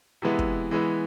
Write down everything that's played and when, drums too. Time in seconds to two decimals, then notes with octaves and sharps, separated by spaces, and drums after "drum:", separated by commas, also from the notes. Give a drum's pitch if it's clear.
0.22 C3 E3 G#3 B3 E4
0.39 drum: kick
0.71 E3 G#3 B3 E4